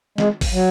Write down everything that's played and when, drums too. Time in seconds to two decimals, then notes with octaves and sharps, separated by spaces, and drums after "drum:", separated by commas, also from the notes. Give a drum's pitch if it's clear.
0.18 G#3, drum: snare
0.41 drum: kick G#1, open hi-hat
0.53 F#3